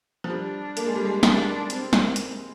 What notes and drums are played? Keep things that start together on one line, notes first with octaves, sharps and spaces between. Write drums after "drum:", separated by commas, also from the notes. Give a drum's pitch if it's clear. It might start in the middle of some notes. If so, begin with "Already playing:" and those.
F3
G3 D4
A#3, drum: hi-hat
G#3
G3
G#3
G3 D4, drum: snare
C4, drum: hi-hat
drum: snare
drum: hi-hat